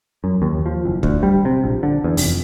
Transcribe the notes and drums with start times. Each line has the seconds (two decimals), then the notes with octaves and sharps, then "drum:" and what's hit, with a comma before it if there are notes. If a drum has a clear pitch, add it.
0.24 F#2
0.42 D#2
0.66 F3
0.85 F#1
1.03 D2, drum: kick
1.23 G3
1.45 C3
1.64 A#1
1.83 D3
2.04 E2
2.17 F1, drum: open hi-hat